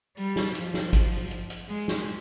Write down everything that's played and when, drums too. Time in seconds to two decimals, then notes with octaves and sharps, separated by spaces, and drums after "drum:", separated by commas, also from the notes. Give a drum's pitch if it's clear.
0.17 G3, drum: open hi-hat
0.36 drum: snare
0.55 F3, drum: hi-hat
0.74 drum: snare
0.93 drum: kick, hi-hat
1.12 drum: open hi-hat
1.31 drum: hi-hat
1.50 drum: hi-hat
1.69 G#3, drum: open hi-hat
1.88 drum: snare